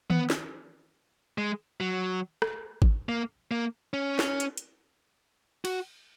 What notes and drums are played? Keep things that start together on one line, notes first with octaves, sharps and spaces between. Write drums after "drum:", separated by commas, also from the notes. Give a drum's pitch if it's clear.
B3, drum: tom D#3
drum: snare
G#3
F#3
drum: rim click
drum: kick
A#3
A#3
C#4
drum: snare
drum: hi-hat
drum: hi-hat
F#4, drum: cymbal